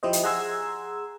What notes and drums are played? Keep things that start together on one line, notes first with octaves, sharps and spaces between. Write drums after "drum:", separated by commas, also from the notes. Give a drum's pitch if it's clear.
F3 E4 G4 C5 D#5
drum: hi-hat
G#4 F#5 A#5 C6 E6 G#6